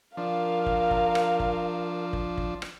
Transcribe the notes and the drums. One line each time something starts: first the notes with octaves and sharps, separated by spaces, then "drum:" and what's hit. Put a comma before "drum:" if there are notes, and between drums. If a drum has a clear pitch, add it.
F3 D4 A#4 F5
drum: kick
drum: kick
drum: rim click
drum: kick
drum: kick
drum: kick
drum: rim click